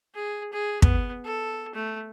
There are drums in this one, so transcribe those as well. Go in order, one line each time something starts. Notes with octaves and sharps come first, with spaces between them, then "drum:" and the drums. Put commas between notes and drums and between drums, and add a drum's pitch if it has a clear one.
G#4
G#4
B3, drum: kick
A4
A3